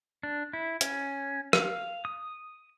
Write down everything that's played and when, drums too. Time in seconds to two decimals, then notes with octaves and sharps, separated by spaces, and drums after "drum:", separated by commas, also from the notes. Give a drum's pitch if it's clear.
0.23 D4
0.53 E4
0.81 C#4, drum: hi-hat
1.53 F5, drum: rim click
2.05 D#6